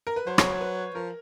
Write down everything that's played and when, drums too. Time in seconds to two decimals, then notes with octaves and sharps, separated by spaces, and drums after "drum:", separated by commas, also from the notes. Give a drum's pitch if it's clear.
0.07 A#4
0.16 B4
0.27 F#3 C5
0.38 C#5, drum: rim click
0.49 C5
0.61 B4
0.95 F3 A#4